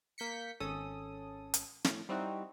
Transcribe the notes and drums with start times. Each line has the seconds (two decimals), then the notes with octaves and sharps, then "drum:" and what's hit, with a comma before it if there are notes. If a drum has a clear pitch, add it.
0.18 A#3 G6 B6 C#7
0.60 G#1 C#4 A4 D#6
1.54 drum: hi-hat
1.84 A2, drum: snare
2.09 G3 C4 D#4 E4 F#4